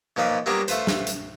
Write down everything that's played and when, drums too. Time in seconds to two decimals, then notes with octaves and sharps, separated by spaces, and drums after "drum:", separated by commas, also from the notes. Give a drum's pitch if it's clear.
0.16 B1 A#2 F3 A#3 B4
0.46 F#3 G3 A#3 B3 D4 F4
0.68 A3 F4 B4 C5, drum: hi-hat
0.87 drum: snare
1.07 drum: hi-hat